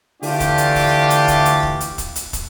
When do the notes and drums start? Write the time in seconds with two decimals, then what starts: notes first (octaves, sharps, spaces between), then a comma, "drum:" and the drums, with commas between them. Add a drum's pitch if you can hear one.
0.23 D3 E3 A3 D4 F4 G4, drum: open hi-hat
0.40 drum: kick, hi-hat
0.58 drum: hi-hat
0.75 drum: kick, open hi-hat
1.10 drum: hi-hat
1.28 drum: kick, hi-hat
1.45 drum: hi-hat
1.63 drum: kick
1.80 drum: hi-hat
1.98 drum: kick, hi-hat
2.16 drum: hi-hat
2.33 drum: kick, hi-hat